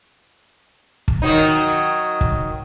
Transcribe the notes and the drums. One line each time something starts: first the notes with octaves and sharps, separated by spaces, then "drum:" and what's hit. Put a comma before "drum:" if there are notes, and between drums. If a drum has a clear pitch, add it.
drum: kick
D#3 F#3 D#4
drum: kick